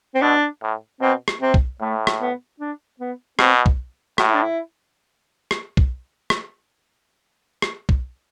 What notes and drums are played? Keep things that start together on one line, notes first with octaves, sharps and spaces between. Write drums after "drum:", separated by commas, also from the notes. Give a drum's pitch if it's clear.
C4
B2 D4
A2
B2 C4
drum: rim click
C3 C4
drum: kick B1
A2 A3
drum: rim click
B3
D4
B3
B2 C4, drum: rim click
drum: kick B1
A2 F#4, drum: rim click
E4
D4
E4
drum: rim click
drum: kick B1
drum: rim click
drum: rim click
drum: kick B1